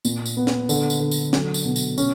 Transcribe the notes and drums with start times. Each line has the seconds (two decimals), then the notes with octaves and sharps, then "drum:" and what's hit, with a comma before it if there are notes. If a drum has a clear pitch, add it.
0.05 A#2, drum: tambourine
0.26 drum: tambourine
0.37 B3
0.47 drum: snare
0.69 D3, drum: tambourine
0.90 drum: tambourine
1.00 D3
1.11 drum: tambourine
1.33 F#3, drum: snare
1.54 drum: tambourine
1.65 B2
1.76 drum: tambourine
1.98 C#4, drum: tambourine